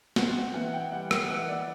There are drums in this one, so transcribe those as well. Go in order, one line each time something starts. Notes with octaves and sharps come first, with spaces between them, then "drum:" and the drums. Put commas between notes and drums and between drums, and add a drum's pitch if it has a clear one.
C4 F#5, drum: snare
E3 F#5
G5
G3 F#5
F#5, drum: rim click
E3 F#5
D5